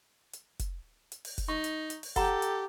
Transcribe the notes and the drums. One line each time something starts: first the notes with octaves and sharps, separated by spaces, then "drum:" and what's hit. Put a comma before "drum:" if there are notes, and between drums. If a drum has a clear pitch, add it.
drum: hi-hat
drum: kick F1, hi-hat
drum: hi-hat
drum: open hi-hat
drum: kick F1, hi-hat
D#4 C#6
drum: hi-hat
drum: hi-hat
drum: open hi-hat
G4 A4 F#5 A#5, drum: kick F1, hi-hat
drum: hi-hat